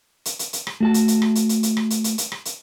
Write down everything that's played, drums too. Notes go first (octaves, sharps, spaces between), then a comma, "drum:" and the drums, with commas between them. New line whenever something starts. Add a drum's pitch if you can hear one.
drum: hi-hat
drum: hi-hat
drum: hi-hat
drum: rim click
A3 F#4 A5
drum: hi-hat
drum: hi-hat
drum: rim click
drum: hi-hat
drum: hi-hat
drum: hi-hat
drum: rim click
drum: hi-hat
drum: hi-hat
drum: hi-hat
drum: rim click
drum: hi-hat